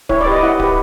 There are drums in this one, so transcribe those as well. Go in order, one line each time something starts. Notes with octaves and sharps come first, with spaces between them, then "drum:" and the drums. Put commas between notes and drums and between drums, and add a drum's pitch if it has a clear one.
E4 C#5, drum: kick D1
D5
G4 B4
D#5
E4 F#5
G4 B4, drum: kick D1